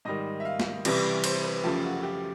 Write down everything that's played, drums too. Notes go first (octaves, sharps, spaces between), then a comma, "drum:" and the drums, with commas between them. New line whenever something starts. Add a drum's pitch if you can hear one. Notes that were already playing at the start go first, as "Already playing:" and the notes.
G#2 D#3 G3 D#5
E5
F5
drum: snare
C3 E3 G3, drum: cymbal
C5, drum: cymbal
B4
F#2 C#3 F3 A3 G4
F#4
G4